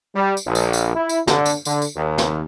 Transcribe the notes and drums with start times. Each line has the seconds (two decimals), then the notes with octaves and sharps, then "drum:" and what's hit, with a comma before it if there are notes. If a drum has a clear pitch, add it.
0.14 G3
0.37 drum: tambourine
0.46 A#1
0.55 drum: tambourine
0.73 drum: tambourine
0.94 E4
1.09 drum: tambourine
1.27 D3, drum: snare
1.46 drum: tambourine
1.65 D3, drum: tambourine
1.82 drum: tambourine
1.96 D#2
2.18 drum: snare